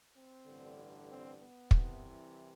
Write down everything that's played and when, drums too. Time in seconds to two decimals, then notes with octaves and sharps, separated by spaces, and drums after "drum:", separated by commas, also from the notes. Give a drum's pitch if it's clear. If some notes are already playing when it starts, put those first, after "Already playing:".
0.15 C4
0.47 A1 G2 D3
1.09 C4
1.40 B3
1.71 C2 C3 E3, drum: kick